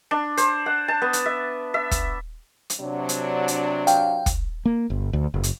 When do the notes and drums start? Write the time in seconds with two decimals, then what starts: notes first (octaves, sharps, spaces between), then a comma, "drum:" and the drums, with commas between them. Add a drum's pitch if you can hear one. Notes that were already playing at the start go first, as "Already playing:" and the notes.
0.11 D4
0.37 C5, drum: hi-hat
0.66 F#5
0.88 A5
1.02 B3
1.13 drum: hi-hat
1.26 E5
1.74 E5
1.91 drum: kick, hi-hat
2.70 drum: hi-hat
2.80 C3 F#3 D4
3.09 drum: hi-hat
3.48 drum: hi-hat
3.87 F5 G5, drum: hi-hat
4.26 drum: kick, hi-hat
4.65 A#3
4.90 G1
5.13 D2
5.34 F#1
5.43 drum: hi-hat